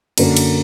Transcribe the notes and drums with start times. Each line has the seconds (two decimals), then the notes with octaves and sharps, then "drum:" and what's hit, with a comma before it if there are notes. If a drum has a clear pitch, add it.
0.18 F#2 D3 A#3, drum: cymbal
0.37 drum: cymbal